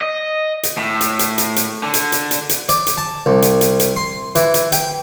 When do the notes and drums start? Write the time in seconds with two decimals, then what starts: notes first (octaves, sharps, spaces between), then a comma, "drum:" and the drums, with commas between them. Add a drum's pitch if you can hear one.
0.01 D#5
0.63 drum: hi-hat
0.78 A2
1.01 drum: hi-hat
1.19 drum: hi-hat
1.38 drum: hi-hat
1.56 drum: hi-hat
1.83 D3
1.94 drum: hi-hat
2.12 drum: hi-hat
2.31 drum: hi-hat
2.49 drum: hi-hat
2.69 D5, drum: hi-hat
2.87 drum: hi-hat
2.97 A5
3.26 C2
3.42 drum: hi-hat
3.61 drum: hi-hat
3.80 drum: hi-hat
3.96 C6
4.35 E3, drum: hi-hat
4.54 drum: hi-hat
4.72 G5, drum: hi-hat